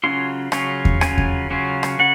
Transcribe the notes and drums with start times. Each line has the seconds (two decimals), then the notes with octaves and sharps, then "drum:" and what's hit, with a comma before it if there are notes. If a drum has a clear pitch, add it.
0.04 C#3 F#3 C#4 F4 C6
0.52 C#3 F#3 C#4 F4, drum: rim click
0.85 drum: kick E2
1.01 C#3 F#3 C#4 F4 G#5, drum: rim click
1.18 drum: kick E2
1.50 C#3 F#3 C#4 F4
1.83 drum: rim click
1.99 C#3 F#5